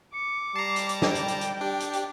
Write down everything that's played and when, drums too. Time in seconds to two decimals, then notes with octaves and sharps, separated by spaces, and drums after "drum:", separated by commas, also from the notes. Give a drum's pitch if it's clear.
0.14 D6 C#7
0.56 G3 A5 A#5 C7
0.76 drum: hi-hat
0.89 drum: hi-hat
1.02 G5, drum: snare
1.15 drum: hi-hat
1.28 drum: hi-hat
1.41 drum: hi-hat
1.61 D4 G4
1.80 drum: hi-hat
1.93 drum: hi-hat